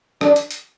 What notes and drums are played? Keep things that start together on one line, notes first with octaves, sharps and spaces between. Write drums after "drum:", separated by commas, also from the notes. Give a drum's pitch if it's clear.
D4, drum: rim click
drum: hi-hat
drum: hi-hat